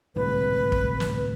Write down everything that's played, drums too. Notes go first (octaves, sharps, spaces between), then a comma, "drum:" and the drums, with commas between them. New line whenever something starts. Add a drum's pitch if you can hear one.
D1 C2 G#2 B4
drum: kick
drum: snare